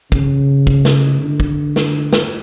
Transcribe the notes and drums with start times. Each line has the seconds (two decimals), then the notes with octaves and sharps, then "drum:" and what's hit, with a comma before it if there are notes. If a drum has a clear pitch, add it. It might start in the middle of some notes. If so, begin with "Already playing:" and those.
0.12 C#3, drum: kick
0.67 drum: kick
0.85 drum: snare
1.22 D3
1.40 drum: kick
1.76 drum: snare
2.13 drum: snare